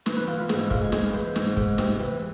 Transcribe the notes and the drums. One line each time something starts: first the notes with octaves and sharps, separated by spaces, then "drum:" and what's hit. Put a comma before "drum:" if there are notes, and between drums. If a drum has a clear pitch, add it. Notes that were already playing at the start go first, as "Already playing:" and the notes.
E3 C5, drum: snare
B4
E3 F4
F4
G#2 G#4, drum: snare
E4
G#3 F4, drum: kick
G#4
G#3 G#4, drum: snare
E3 C5
G#2, drum: snare
G#2, drum: kick
C3, drum: snare
E3